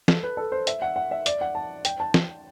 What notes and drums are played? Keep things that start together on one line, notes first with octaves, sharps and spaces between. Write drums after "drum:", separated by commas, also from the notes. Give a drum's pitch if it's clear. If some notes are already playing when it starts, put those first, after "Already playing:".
A4, drum: snare
B4
A4
C5
E5, drum: hi-hat
F#5
F#5
E5
D5, drum: hi-hat
F#5
A5
G5, drum: hi-hat
A5
drum: snare